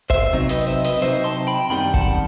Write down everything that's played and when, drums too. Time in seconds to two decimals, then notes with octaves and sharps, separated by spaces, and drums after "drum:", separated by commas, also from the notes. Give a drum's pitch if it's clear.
0.10 C5 E5, drum: kick
0.33 C3 F#3 C4 D#4
0.49 B4 D#5, drum: hi-hat
0.66 C5 E5
0.85 B4 D#5, drum: hi-hat
1.01 C3 F#3 C4 D#4 C5 E5
1.24 A5 C6
1.47 G5 B5
1.70 F#2 D#3 G3 C4 D#4 G5 B5
1.94 F#5 A5, drum: kick